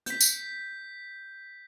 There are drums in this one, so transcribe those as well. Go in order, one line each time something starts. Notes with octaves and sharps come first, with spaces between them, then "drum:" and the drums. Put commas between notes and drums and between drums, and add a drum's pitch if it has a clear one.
G6 B6, drum: hi-hat
drum: tambourine